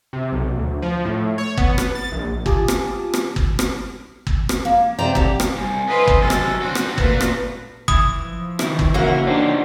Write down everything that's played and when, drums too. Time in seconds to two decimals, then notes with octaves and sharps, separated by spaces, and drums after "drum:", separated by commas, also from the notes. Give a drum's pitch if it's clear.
0.13 C3
0.32 B1
0.57 D2
0.82 F3
1.05 A2
1.38 C#5
1.57 B3, drum: kick G1
1.78 drum: rim click
1.95 A6
2.12 A#1
2.46 F4 G4 G#5 A5 D6 D#6, drum: kick G1
2.68 drum: rim click
3.14 drum: rim click
3.36 drum: kick G1
3.59 drum: rim click
4.27 drum: kick G1
4.49 drum: rim click
4.65 A#3
4.99 C3 C5 D5 G5 A#5
5.15 D3 G4, drum: kick G1
5.40 drum: rim click
5.56 C2 G#5
5.89 D3 F4 B4 C5 D#5
6.07 drum: kick G1
6.21 C3 D#3 F#3 A4
6.30 drum: rim click
6.62 D3 C4 F#4 A4
6.75 drum: rim click
6.98 A#2 A3 A#3 B4, drum: kick G1
7.21 drum: rim click
7.88 E3 D#6, drum: kick G1
8.18 F3
8.59 D#3 E4, drum: rim click
8.79 drum: kick G1
8.94 C#3 E3 A#3 C#4 F#4 A#4 E5
9.27 D4 D#4 F4 G4 C5